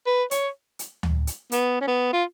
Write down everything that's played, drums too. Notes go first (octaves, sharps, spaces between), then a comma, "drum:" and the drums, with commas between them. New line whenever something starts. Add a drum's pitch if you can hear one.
B4
C#5, drum: hi-hat
drum: hi-hat
drum: tom D2
drum: hi-hat
B3, drum: hi-hat
C#4
B3
F4